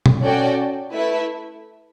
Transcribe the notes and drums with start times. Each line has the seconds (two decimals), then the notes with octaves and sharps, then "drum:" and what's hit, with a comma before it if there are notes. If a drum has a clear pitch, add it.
0.06 drum: tom B2
0.21 C#4 F#4 A4 D5 G5
0.92 A3 E4 B4 E5